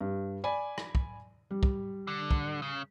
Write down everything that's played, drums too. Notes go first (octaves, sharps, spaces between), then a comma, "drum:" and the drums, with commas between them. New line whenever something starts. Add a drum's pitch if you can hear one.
G2
D5 G#5 B5
drum: rim click
drum: kick
G3
drum: kick
D3
drum: kick
C#3